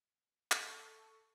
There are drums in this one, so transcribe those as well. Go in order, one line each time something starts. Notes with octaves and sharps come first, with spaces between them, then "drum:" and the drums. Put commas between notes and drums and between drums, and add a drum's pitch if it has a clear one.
A4 C#6, drum: clap